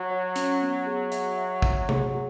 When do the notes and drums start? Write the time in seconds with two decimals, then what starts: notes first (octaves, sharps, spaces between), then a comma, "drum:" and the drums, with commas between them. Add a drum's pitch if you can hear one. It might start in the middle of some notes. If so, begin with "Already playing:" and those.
Already playing: F#3
0.11 C#5
0.36 C#4, drum: hi-hat
0.62 B3
0.87 G#4
1.12 E5, drum: hi-hat
1.38 E5
1.62 E5, drum: kick
1.89 G#4, drum: tom C3
2.14 F#4